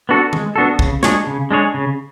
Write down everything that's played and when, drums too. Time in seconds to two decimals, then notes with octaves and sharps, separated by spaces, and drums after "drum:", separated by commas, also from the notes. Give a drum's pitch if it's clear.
0.09 B3 D4 F#4 A4
0.33 G#3, drum: tom D#3
0.56 B3 D4 F#4 A4
0.79 C#3, drum: kick
1.03 G#3 D4 G#4 C#5, drum: snare
1.27 C#3
1.51 G#3 D4 G#4 C#5
1.74 C#3